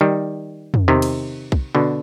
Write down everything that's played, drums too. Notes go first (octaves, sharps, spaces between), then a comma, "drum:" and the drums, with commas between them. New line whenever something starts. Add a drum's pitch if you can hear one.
D#3 G3
drum: tom
C3 D#3
drum: cymbal
drum: kick B1
B2 D3